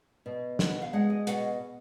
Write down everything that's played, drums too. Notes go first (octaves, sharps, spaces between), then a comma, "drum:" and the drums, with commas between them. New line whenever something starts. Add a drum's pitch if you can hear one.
B2
B3, drum: snare
F5
G#3 F#5
D#5
B2 F#5, drum: hi-hat